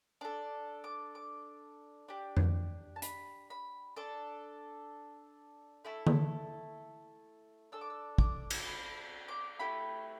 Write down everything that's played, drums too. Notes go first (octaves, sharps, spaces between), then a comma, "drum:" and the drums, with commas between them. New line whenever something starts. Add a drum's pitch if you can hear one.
D4 A4 D6
D6
D6
D4 G4
drum: tom F2
A5
B5, drum: hi-hat
B5
D4 A4 D6
A3 E4 A4
drum: tom D3
D4 A4 E6
D6
E6
D6, drum: kick
E6, drum: cymbal
D6
B5
D6
A3 E4 G4 B5